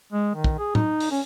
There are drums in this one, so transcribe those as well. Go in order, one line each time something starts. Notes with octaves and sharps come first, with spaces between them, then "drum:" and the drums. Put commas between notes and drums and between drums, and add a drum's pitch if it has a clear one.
G#3
D#3
drum: kick
G#4
D#4, drum: tom A2
drum: open hi-hat
C#4